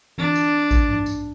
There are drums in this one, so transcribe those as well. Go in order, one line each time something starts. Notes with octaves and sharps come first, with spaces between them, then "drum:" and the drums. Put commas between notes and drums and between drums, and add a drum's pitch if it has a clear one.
D4, drum: tom E3
drum: tambourine
drum: kick A1, tambourine
drum: tom G#2
drum: tambourine